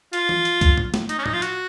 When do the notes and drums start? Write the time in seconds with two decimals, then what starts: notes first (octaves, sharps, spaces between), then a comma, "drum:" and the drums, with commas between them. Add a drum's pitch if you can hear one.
0.13 F4, drum: hi-hat
0.29 drum: tom E3
0.45 drum: hi-hat
0.61 drum: kick, hi-hat
0.78 drum: tom
0.94 drum: snare
1.09 D#4, drum: hi-hat
1.18 C#4
1.26 D#4, drum: tom
1.33 F4
1.42 F#4, drum: hi-hat